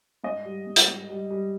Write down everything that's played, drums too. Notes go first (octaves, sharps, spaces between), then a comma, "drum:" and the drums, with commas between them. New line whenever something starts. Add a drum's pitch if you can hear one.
G#2 D#5
G3
G#2
drum: hi-hat
G#2
G3
G3